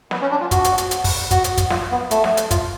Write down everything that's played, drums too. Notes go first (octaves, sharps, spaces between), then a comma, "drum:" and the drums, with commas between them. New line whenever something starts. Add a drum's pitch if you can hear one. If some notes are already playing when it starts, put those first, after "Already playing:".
B3, drum: snare
C#4
D4
F4
F#4, drum: kick, hi-hat
drum: hi-hat
drum: hi-hat
drum: hi-hat
drum: kick, open hi-hat
F#4, drum: kick, hi-hat
drum: hi-hat
drum: kick, hi-hat
F4, drum: snare
B3
A3, drum: hi-hat
drum: snare
drum: hi-hat
F4, drum: kick, hi-hat